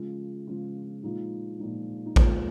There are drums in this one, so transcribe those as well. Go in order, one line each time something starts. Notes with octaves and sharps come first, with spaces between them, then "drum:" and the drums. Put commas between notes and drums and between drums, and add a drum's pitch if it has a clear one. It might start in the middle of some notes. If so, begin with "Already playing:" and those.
Already playing: C#3 F3 G#3 F4
C#3 F3 G#3 F4
A#2 F3 G#3 D#4
A#2 F3 G#3 D#4
D#4
A#2 G#3 F4, drum: kick A1